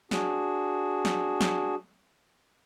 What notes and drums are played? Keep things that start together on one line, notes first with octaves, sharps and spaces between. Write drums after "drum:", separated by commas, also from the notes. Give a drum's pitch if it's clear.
D4 F#4 G#4, drum: snare
drum: snare
drum: snare